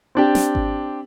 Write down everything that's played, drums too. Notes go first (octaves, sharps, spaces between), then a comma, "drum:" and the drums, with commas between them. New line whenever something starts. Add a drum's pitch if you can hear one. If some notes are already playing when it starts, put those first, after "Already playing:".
C4 D4 G4
drum: snare
drum: kick G#1